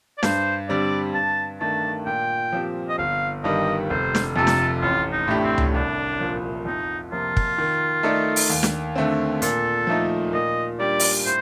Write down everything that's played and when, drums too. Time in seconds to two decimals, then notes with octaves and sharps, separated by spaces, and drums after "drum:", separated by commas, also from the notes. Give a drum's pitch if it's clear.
0.18 D5
0.23 G2 C5, drum: snare
0.69 D3 G3 C4 D5
1.14 G2 A5
1.61 D#3 A3 D4 A5
2.06 A#2 G5
2.53 F3 C4 G4
2.89 D#5
2.98 G1 F5
3.44 G2 D#3 G3 D#5
3.90 F1 C5
4.15 drum: snare
4.36 F2 C3 A4
4.47 drum: snare
4.81 A1 F4
5.12 D#4
5.28 A2 A3 D4 G4
5.43 C4
5.58 drum: tom C#2
5.74 C2 D4
6.20 A#2 F3
6.65 F2 D#4
7.12 C3 F3 A#3 F4
7.37 drum: kick
7.58 D#3
8.03 A3 D#4 A4 D5
8.36 drum: open hi-hat
8.50 D#2
8.63 drum: snare
8.95 D3 A3 C4
9.42 A#2 A4, drum: hi-hat
9.87 F3 A3 D#4
10.33 A#2 D#5
10.80 G3 D4 G4 D5
11.00 drum: open hi-hat
11.26 A2 C5